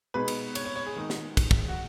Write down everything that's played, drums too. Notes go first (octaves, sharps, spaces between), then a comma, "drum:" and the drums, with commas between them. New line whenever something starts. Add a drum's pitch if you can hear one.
B2 G#3 D#4 B4
drum: cymbal
C#5, drum: cymbal
C#5
C#5
G#4
D#3 G#3 D#4
drum: snare
drum: kick, cymbal
drum: kick
F#4